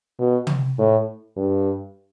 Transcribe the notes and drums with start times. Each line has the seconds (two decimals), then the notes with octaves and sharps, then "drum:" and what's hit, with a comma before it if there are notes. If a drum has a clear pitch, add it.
0.19 B2
0.47 drum: tom
0.78 A2
1.37 G2